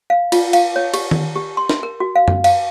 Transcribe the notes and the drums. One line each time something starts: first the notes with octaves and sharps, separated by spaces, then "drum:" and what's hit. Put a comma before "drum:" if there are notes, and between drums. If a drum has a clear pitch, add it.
F5
F4, drum: cymbal
F5, drum: cymbal
C#5
G4, drum: cymbal
drum: tom D#3
G4
C6
drum: snare
A#4
F#4
F5
drum: tom F#2
F5, drum: cymbal